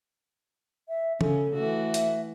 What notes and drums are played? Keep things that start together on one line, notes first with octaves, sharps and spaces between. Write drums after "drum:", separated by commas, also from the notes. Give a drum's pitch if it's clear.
E5
C#3 A4, drum: tom
E3 A3 F#4
E5, drum: hi-hat